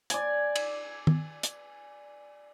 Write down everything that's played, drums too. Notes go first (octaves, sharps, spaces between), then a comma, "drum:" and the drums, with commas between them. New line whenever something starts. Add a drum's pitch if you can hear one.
D5 G#5, drum: hi-hat
drum: cymbal
drum: tom
drum: hi-hat